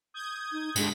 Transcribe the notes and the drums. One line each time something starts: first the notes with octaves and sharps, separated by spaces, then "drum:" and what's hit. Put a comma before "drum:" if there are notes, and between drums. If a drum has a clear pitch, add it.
D#6 G6 G#6
D#4
G2 D3 G#3, drum: tambourine